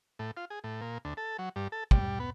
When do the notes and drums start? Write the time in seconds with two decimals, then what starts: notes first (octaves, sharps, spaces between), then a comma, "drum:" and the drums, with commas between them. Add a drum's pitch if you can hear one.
0.19 A2
0.37 F4
0.50 G#4
0.64 A2
0.81 A#2
1.05 D2
1.17 A4
1.39 F#3
1.56 G2
1.72 A4
1.91 G3, drum: kick
2.20 B3